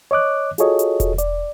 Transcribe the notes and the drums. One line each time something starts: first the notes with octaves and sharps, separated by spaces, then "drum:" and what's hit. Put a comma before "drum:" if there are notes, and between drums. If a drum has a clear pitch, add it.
C#5 D#5 D6 F#6
F4 F#4 G#4 A4 C#5 D#5, drum: hi-hat
drum: hi-hat
drum: kick E1, hi-hat
D5, drum: hi-hat